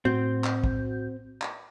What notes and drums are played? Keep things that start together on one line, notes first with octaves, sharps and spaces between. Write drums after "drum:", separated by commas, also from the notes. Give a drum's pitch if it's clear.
A2 C4 F#4 G6
drum: clap
drum: kick
drum: clap